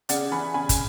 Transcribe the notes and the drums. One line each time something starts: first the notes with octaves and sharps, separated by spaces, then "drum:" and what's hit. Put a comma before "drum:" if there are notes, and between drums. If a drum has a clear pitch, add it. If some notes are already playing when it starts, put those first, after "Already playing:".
C#3 D5 F#5, drum: hi-hat
E3 G#5 B5
C#3 G#5 B5
drum: kick, hi-hat